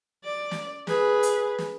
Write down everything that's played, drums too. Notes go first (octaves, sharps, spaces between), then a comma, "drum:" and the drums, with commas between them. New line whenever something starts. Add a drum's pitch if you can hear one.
D5
drum: snare
G#4 B4, drum: snare
drum: hi-hat
drum: snare